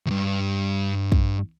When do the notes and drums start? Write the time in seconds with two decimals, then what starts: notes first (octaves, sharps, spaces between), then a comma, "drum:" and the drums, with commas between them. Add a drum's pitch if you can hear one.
0.06 D2 G2
1.12 drum: kick